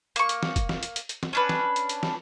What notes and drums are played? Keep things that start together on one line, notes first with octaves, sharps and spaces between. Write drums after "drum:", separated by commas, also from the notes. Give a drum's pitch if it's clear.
A#3 C#6, drum: hi-hat
drum: hi-hat
drum: snare
drum: kick, hi-hat
drum: snare
drum: hi-hat
drum: hi-hat
drum: hi-hat
drum: snare
C#4 D4 B4
drum: snare
drum: hi-hat
drum: hi-hat
drum: snare